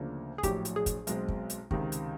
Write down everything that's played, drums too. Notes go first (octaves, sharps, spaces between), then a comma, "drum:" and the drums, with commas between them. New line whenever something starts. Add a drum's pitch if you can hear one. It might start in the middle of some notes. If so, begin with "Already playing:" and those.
Already playing: D2 C#3 F3 A#3 D4
G#4
A#1 A2 F#3 G4, drum: kick, hi-hat
drum: hi-hat
G#4
drum: kick, hi-hat
B1 B2 G#3 C4, drum: hi-hat
drum: kick
drum: hi-hat
C#2 C3 D#3, drum: kick
drum: hi-hat